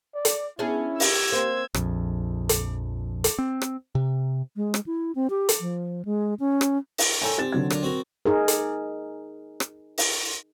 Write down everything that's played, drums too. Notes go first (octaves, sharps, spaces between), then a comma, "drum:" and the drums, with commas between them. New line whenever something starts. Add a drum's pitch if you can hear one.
D5
drum: hi-hat
B3 C#4 D4 E4 G#4
G4 E6 G#6, drum: open hi-hat
A#3 C4 C5
A#1 F2, drum: rim click
drum: hi-hat
drum: hi-hat
C4
drum: rim click
C3
G#3
drum: rim click
E4
C4
G4
drum: hi-hat
F3
G#3
C#4
drum: rim click
drum: open hi-hat
A4 C#5 G5 G#5 A#5 E6
C4 G4 A6 E7
D3 F#3 G#6
D4 F4 A#4, drum: rim click
C4 F#4 A#4
D#4 G#4 A#4
drum: hi-hat
drum: rim click
drum: open hi-hat